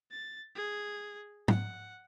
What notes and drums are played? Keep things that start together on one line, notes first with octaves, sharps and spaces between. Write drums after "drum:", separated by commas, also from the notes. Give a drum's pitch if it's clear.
A6
G#4
F#5, drum: tom